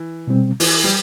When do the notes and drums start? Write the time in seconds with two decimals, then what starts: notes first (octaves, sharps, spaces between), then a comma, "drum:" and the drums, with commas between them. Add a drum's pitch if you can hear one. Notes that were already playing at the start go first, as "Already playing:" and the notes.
Already playing: E3
0.27 B2 G3 C4
0.60 E3, drum: open hi-hat
0.84 G3